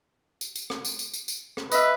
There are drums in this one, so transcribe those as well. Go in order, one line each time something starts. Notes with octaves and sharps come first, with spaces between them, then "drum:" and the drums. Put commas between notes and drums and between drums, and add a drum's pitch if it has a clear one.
drum: tambourine
drum: tambourine
drum: rim click
drum: tambourine
drum: tambourine
drum: tambourine
drum: tambourine
drum: rim click
B4 D#5 E5, drum: tambourine